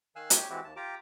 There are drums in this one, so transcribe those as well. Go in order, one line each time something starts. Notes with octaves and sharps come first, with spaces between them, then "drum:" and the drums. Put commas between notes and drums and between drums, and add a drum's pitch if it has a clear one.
D#3 F5 G#5 E6 F#6
G4 C#5, drum: hi-hat
E3 G#3 C4 E4 F#4 G4
D#2 A5
F4 G4 G5 A#5 D6